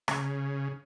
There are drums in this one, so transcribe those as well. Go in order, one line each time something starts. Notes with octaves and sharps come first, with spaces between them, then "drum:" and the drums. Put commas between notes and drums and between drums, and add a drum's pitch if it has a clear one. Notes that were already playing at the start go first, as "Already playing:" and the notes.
C#3, drum: rim click